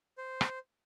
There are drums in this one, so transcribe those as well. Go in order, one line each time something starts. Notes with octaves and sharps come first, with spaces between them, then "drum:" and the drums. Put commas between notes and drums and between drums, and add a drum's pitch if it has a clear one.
C5
drum: rim click